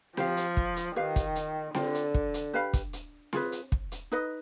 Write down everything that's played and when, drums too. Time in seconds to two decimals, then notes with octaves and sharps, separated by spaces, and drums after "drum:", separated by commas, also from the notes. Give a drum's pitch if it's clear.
0.17 F3 G4 C5 F5, drum: snare C4
0.37 drum: hi-hat
0.57 drum: kick
0.76 drum: hi-hat
0.96 D#3 G4 B4 F5
1.16 drum: kick, hi-hat
1.36 drum: hi-hat
1.75 D3 D4 F4 C5 G5, drum: snare C4
1.95 drum: hi-hat
2.14 drum: kick
2.34 drum: hi-hat
2.54 G4 B4 F5 B5
2.73 drum: kick, hi-hat
2.93 drum: hi-hat
3.33 F4 G#4 B4, drum: snare C4
3.52 drum: hi-hat
3.72 drum: kick
3.92 drum: hi-hat
4.12 D#4 B4 D#5